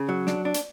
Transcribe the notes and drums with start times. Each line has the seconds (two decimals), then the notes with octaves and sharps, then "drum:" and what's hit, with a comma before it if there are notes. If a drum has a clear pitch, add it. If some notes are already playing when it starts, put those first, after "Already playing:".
Already playing: C#3
0.09 F#3
0.27 D4, drum: snare
0.45 D4
0.54 drum: hi-hat